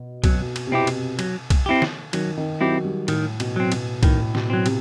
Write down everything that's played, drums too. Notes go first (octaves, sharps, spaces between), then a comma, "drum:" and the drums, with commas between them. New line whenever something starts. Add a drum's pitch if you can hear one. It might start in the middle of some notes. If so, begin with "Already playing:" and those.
Already playing: B2
B2 F#3, drum: kick B1, cymbal
drum: cymbal
C3
B2 C4 E4 G4
drum: cymbal
F#3, drum: cymbal
drum: kick B1, cymbal
C4 E4 G4
drum: snare
D#3 F#3, drum: cymbal
D#3
F#3 C4 E4 G4
G3
A2 D#3, drum: cymbal
B2, drum: cymbal
F#3 C4
B2, drum: cymbal
A2 D#3, drum: kick B1, cymbal
B2, drum: snare
F#3 C4
C3, drum: cymbal